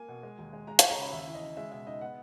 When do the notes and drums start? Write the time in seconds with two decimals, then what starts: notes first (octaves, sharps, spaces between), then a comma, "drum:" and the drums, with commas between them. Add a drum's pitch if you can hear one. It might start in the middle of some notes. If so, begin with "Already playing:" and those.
Already playing: A#3 G#5
0.08 B2
0.23 G#3
0.39 D#2
0.53 G#3
0.67 G#3 A#5
0.79 C#5, drum: hi-hat
0.83 G#3
0.90 A#5
0.98 C#3 B5
1.13 D#2 E5
1.27 E3
1.34 D#5
1.42 C#3
1.57 G#3 E5
1.72 B2 E5
1.87 D#4 D#5
2.01 B3 F#5